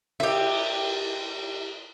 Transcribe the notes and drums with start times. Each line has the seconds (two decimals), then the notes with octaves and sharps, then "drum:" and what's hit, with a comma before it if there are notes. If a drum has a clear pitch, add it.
0.20 G4 E5, drum: cymbal